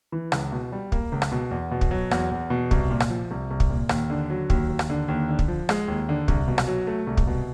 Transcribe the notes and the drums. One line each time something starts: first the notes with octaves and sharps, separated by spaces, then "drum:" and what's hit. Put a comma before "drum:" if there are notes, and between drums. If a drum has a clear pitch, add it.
E3
C#2, drum: rim click
B2
G3
A#3, drum: kick
C#2
drum: rim click
B2
E2
B2
drum: kick
F#3
E2, drum: rim click
E2
B2
C2, drum: kick
A#2
drum: rim click
F3
C2
C2
drum: kick
A#2
D#2, drum: rim click
D3
F#3
D#2, drum: kick
D#2
drum: rim click
D3
D#2
D3
drum: kick
F3
G#3, drum: rim click
D#2
D3
C2, drum: kick
B2
drum: rim click
F#3
A3
C2
drum: kick
B2